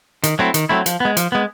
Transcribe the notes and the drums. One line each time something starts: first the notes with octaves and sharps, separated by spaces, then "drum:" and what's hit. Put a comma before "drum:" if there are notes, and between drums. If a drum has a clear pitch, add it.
D#3, drum: hi-hat
F#3 A3 C4 E4
D#3, drum: hi-hat
F#3 A3 C4 E4
F3, drum: hi-hat
G#3 B3
F3, drum: hi-hat
G#3 B3